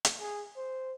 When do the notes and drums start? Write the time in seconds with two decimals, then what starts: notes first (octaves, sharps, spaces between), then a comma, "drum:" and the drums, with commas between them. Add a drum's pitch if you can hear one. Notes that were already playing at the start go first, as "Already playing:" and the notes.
0.05 drum: hi-hat
0.20 G#4
0.57 C5